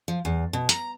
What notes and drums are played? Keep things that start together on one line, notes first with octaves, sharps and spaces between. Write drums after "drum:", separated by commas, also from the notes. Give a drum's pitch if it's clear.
F3
E2
B2
A#5, drum: hi-hat